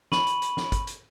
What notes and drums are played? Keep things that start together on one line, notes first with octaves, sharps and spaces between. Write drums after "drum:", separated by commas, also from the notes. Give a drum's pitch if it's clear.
B5 C#6 D#7 F#7, drum: snare
drum: hi-hat
drum: hi-hat
drum: snare
drum: kick G#1, hi-hat
drum: hi-hat